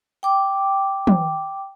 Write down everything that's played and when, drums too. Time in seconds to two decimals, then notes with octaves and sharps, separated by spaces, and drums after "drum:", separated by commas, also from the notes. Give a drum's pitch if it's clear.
0.23 G5 D6
1.07 drum: tom